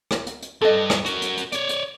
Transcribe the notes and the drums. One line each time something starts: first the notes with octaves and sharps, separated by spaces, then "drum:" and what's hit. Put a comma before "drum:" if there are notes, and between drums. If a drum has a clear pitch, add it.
drum: rim click
drum: hi-hat
drum: hi-hat
G2 A4 D#5
drum: rim click
F#4 A#4, drum: hi-hat
drum: hi-hat
drum: hi-hat
C#5 D5, drum: hi-hat
drum: hi-hat